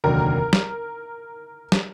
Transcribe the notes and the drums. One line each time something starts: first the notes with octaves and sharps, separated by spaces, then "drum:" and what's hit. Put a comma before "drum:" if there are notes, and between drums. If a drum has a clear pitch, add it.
F1 D#2 D3 F#3 A#4
drum: snare
drum: snare